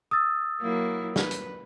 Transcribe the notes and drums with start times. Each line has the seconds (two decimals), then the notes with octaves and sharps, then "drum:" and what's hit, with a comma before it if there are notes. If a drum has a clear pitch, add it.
0.11 D#6 E6 A6
0.61 F#3 A#3 E4
1.16 B4, drum: snare
1.31 drum: hi-hat